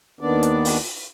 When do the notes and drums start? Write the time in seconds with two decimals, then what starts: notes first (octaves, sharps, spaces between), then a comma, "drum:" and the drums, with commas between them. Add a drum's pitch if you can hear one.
0.21 D#2 D#3 B3 D4 D5
0.43 drum: hi-hat
0.65 drum: open hi-hat